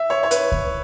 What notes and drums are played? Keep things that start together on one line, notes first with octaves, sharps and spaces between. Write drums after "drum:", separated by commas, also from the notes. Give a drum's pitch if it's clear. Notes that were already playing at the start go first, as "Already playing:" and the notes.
Already playing: E5
C#5
C#5
B4, drum: hi-hat
drum: kick C#2